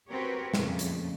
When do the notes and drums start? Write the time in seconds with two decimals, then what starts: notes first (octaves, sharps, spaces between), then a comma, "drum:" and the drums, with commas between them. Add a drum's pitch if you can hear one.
0.10 C4 F#4 G4 A#4 B4 C#5
0.54 F2 A#2 C#3 A3, drum: snare
0.79 drum: hi-hat